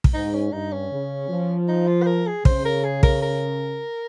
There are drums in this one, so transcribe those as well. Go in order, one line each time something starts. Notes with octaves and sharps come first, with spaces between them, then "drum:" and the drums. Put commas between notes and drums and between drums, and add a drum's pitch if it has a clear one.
drum: kick
G#2 D#4
C#4
G2 D#4
C#4
C#3
F3
D#4
F4
C5
A#4
G#4
C#3 C5, drum: kick
A#4
G#4
A#4, drum: kick
A#4